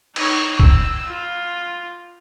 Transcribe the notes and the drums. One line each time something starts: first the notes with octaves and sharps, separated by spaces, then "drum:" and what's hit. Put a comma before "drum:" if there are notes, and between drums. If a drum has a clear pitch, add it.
D#4 C#5, drum: cymbal
E6, drum: kick
F4